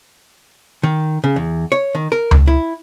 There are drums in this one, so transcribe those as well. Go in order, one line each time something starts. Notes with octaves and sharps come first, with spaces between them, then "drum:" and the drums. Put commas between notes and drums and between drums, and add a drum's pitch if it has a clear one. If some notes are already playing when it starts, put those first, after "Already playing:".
D#3
C#3
E2
C#5
D#3
A#4
drum: tom C#2
E4